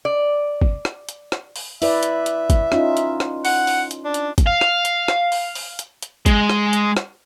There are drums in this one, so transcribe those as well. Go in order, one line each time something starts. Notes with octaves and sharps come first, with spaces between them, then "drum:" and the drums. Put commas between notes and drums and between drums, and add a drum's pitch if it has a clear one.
D5
drum: kick
drum: rim click
drum: hi-hat
drum: rim click
drum: open hi-hat
E4 B4 D5 E5, drum: open hi-hat
drum: hi-hat
drum: hi-hat
drum: kick, hi-hat
C#4 D#4 F4, drum: rim click
drum: hi-hat
drum: rim click
F#5, drum: open hi-hat
drum: open hi-hat
drum: hi-hat
D4
drum: hi-hat
drum: kick, hi-hat
F5
drum: rim click
drum: hi-hat
drum: rim click
drum: open hi-hat
drum: open hi-hat
drum: hi-hat
drum: hi-hat
G#3, drum: kick, hi-hat
drum: rim click
drum: hi-hat
drum: rim click